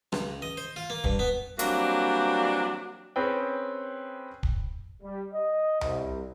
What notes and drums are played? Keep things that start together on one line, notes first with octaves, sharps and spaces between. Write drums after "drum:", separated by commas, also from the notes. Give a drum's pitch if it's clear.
C#2, drum: rim click
D#5
C5
F4
A#3
G2, drum: kick
B3
E3 F#3 G3 A#3 C4 D4, drum: hi-hat
C4 C#4 G#4 B4 G5
drum: kick
G3
D#5
C2, drum: tom C2